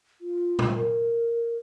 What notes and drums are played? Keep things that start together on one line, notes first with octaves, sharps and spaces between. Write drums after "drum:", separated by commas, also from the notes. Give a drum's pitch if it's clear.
F4
drum: tom A#2
A#4